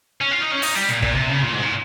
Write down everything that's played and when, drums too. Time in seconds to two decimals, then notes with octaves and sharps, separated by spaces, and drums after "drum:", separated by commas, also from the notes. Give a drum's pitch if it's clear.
0.21 C#4
0.31 F4
0.41 D#4
0.51 C#4
0.62 D#4, drum: open hi-hat
0.75 G3
0.89 A#2
1.02 A#2, drum: kick
1.15 C3
1.30 C#3
1.42 A#2
1.53 G#2
1.62 A#2